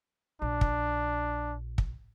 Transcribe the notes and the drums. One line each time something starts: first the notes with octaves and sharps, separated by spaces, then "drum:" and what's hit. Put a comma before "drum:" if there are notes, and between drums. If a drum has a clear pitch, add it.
A#1 D4
drum: kick
drum: kick